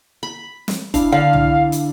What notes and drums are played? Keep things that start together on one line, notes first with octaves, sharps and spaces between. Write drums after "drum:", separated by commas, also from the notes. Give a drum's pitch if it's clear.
B5
drum: snare
D4 E4 F5, drum: kick, hi-hat
D3 F5
drum: tom C2
drum: hi-hat